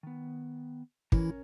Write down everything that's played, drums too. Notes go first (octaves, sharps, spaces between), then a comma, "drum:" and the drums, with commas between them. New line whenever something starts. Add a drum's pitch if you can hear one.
D#3 B3
E3 C#4 E4 A#4 C#5, drum: kick